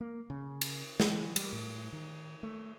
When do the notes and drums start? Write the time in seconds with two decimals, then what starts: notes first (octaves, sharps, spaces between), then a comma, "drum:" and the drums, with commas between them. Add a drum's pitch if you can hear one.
0.01 A#3
0.30 C#3
0.61 drum: cymbal
1.00 E3, drum: snare
1.36 G3, drum: cymbal
1.53 A2
1.93 D#3
2.43 A3